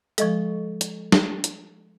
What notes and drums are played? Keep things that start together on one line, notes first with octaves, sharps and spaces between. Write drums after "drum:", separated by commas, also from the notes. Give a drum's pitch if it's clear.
F3 G#3 A4 D#5 C#6, drum: hi-hat
drum: hi-hat
drum: snare
drum: hi-hat